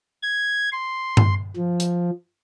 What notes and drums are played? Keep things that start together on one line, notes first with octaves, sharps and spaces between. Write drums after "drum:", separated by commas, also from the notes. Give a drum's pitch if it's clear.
G#6
C6
drum: tom G2
F3
drum: hi-hat